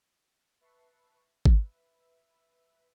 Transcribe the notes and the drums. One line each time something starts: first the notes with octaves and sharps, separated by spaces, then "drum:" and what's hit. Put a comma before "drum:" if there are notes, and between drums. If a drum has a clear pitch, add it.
B4 E5 A5 C#6 C7
B4 E5, drum: kick G#1